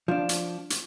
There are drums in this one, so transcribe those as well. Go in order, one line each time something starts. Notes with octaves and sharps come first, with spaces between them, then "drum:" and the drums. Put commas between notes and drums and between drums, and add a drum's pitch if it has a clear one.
F3 D4
drum: hi-hat
drum: hi-hat